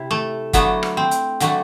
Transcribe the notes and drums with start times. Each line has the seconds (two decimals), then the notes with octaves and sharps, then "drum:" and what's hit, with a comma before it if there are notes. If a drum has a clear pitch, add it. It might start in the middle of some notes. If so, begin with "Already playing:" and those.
Already playing: C3 E4
0.11 A3
0.53 D3 F#3 A3 B3, drum: kick F#1, hi-hat
0.83 drum: rim click
0.97 C4
1.11 drum: hi-hat
1.40 D3 F#3 A3, drum: hi-hat